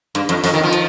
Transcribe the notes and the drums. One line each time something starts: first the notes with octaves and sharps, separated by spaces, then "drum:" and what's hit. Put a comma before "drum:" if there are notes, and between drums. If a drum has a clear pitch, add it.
G2, drum: hi-hat
F2, drum: hi-hat
F2, drum: open hi-hat
D#3
F3
drum: hi-hat